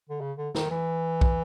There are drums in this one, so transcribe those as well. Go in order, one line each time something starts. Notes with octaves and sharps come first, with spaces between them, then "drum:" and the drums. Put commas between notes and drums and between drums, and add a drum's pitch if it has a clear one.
D3
C#3
D3
D#3, drum: snare
E3
drum: kick